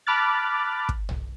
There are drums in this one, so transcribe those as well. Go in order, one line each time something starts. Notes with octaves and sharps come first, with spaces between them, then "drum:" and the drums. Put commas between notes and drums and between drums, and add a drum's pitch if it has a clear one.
A5 B5 D6 F6 F#6 A6
drum: kick
drum: tom B1